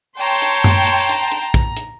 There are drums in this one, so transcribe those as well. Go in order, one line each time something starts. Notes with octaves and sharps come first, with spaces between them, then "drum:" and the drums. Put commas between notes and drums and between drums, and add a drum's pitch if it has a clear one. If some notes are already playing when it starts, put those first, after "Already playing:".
C#5 G5 A5 A#5 C6
drum: hi-hat
drum: tom F#2
drum: hi-hat
drum: hi-hat
drum: hi-hat
drum: kick, hi-hat
drum: hi-hat